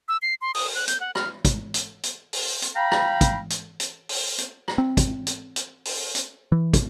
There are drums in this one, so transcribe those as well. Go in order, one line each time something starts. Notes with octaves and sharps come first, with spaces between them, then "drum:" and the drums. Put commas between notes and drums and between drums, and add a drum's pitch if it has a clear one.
E6
C7
C6
D#6, drum: open hi-hat
F#6
G6, drum: hi-hat
F#5
F6, drum: rim click
drum: kick, hi-hat
drum: hi-hat
drum: hi-hat
drum: open hi-hat
drum: hi-hat
F5 G5 A#5 B5
drum: rim click
drum: kick, hi-hat
drum: hi-hat
drum: hi-hat
drum: open hi-hat
drum: hi-hat
drum: rim click
C4
drum: kick, hi-hat
drum: hi-hat
drum: hi-hat
drum: open hi-hat
drum: hi-hat
E3
drum: kick, hi-hat